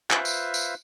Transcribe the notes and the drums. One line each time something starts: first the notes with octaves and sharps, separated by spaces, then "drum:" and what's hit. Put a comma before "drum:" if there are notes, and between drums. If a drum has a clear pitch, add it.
F4 B4 C5 E5 F5, drum: clap
drum: tambourine
drum: tambourine